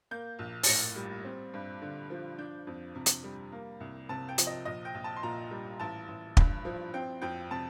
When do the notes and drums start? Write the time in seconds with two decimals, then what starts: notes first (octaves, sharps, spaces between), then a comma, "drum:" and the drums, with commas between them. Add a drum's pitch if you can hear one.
0.11 A#3 G6
0.39 A#1
0.63 A6, drum: open hi-hat
0.67 A2 A#6
0.96 G3
1.24 C4
1.54 G2
1.82 D3
2.10 F3
2.38 D4 G6
2.67 F2
2.95 C3
3.06 drum: hi-hat
3.24 G3
3.52 A#3
3.80 C2
4.09 C3 A5
4.28 G5
4.38 F3, drum: hi-hat
4.47 D#5
4.65 A#1 D#5
4.85 G5
4.94 A#1
5.04 A5
5.16 C6
5.23 A#2 A#5
5.51 G3
5.80 A1 A5
6.08 A1
6.37 G2, drum: kick
6.65 F3
6.94 C4 G5
7.21 F2 G5
7.50 C3 A5